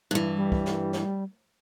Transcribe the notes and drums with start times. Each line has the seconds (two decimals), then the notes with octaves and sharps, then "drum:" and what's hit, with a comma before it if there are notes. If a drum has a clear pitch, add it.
0.11 G2 E3
0.36 G3
0.52 drum: kick
0.66 drum: snare
0.93 drum: snare